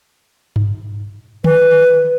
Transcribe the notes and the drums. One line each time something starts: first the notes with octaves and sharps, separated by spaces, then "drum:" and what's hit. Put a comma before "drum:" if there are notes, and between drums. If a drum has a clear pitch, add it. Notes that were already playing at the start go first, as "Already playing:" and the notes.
drum: tom G2
B4, drum: tom D3